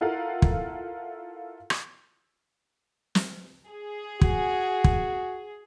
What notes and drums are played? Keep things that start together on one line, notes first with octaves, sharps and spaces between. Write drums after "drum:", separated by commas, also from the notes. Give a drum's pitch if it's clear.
E4 F4 A4 A#4 F5 F#5
drum: kick
drum: rim click
drum: snare
G#4
F#4, drum: kick
drum: kick